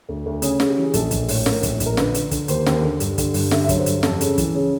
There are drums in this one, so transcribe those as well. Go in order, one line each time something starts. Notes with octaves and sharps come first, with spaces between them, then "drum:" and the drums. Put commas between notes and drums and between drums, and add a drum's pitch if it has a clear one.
D2
D2
C#3 G#4, drum: hi-hat
C#3, drum: snare
G4
E3 G#4
A#1 A4, drum: hi-hat
A#1, drum: kick, hi-hat
A2, drum: open hi-hat
A2 A#4, drum: snare
A#1, drum: kick, hi-hat
A#1, drum: hi-hat
A#4
D3 B4, drum: snare
D3, drum: hi-hat
D3, drum: kick, hi-hat
D#2 C5, drum: hi-hat
D#2, drum: snare
D3
G2, drum: hi-hat
D3, drum: kick, hi-hat
G2, drum: open hi-hat
D3 E5, drum: snare
E5
F#3, drum: kick, hi-hat
C5
G2, drum: hi-hat
F2 A4, drum: snare
C#3, drum: hi-hat
E3, drum: kick, hi-hat
C#3